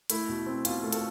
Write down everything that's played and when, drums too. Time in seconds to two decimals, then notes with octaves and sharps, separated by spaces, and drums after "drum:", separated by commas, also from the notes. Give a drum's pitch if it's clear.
0.10 A3 E4, drum: hi-hat
0.29 B2
0.46 C4
0.65 B2 F4, drum: hi-hat
0.83 A3
0.93 A4, drum: hi-hat